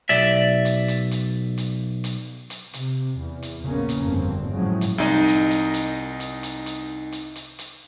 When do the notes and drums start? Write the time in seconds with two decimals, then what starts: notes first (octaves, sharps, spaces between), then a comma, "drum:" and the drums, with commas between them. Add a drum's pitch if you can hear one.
0.09 B1 D5 E5
0.65 drum: hi-hat
0.88 drum: hi-hat
1.11 drum: hi-hat
1.58 drum: hi-hat
2.04 drum: hi-hat
2.50 drum: hi-hat
2.74 C3, drum: hi-hat
3.19 E2
3.43 drum: hi-hat
3.63 A#1 C#3 A#3 B3 C#4
3.89 drum: hi-hat
4.04 G1 F2 C4
4.50 A2 C#3 F3 F#3 G#3
4.81 drum: hi-hat
4.98 C2 D#4 D#5
5.27 drum: hi-hat
5.51 drum: hi-hat
5.74 drum: hi-hat
6.20 drum: hi-hat
6.43 drum: hi-hat
6.66 drum: hi-hat
7.12 drum: hi-hat
7.36 drum: hi-hat
7.59 drum: hi-hat